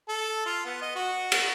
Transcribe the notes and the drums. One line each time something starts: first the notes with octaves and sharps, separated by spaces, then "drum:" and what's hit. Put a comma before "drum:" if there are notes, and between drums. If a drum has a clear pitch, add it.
A4
F4
B3
D#5
F#4
drum: cymbal